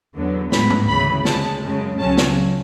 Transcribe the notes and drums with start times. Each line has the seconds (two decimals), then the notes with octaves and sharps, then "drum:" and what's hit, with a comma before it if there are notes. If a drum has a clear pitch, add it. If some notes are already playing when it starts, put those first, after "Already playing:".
0.15 E2 D3 F#3 B3
0.52 A2 G#3 B3 B5, drum: snare
0.70 drum: tom G#2
0.88 D2 C#3 E3 B5
1.25 D2 C#3 G#3 A5, drum: snare
1.62 F#2 C#3 G#3
1.99 C#2 C#3 F#3 C#4 A5
2.17 drum: snare